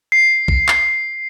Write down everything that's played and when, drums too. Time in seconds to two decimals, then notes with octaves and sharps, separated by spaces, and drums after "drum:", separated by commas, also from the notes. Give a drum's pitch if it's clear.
0.12 C7
0.48 drum: kick
0.68 drum: clap